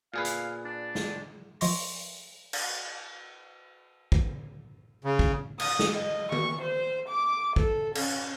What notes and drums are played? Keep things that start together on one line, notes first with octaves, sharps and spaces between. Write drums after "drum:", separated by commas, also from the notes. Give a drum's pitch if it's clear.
A#2 G#4 B4 F5
drum: hi-hat
D4
drum: snare
F3 D#5 C6 C#6 A#6, drum: open hi-hat
drum: cymbal
drum: kick
C#3
drum: kick
D#6, drum: cymbal
drum: snare
D#5
C#6, drum: tom D#3
C5
D6
A4, drum: kick
C#4, drum: cymbal